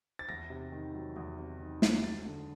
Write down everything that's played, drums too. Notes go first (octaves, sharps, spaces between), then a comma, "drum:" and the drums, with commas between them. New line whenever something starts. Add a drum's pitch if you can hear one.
A6
E2 A#6
C3
D#3
F#3
E2
C3
D#3
F#3, drum: snare
D2 A6
D3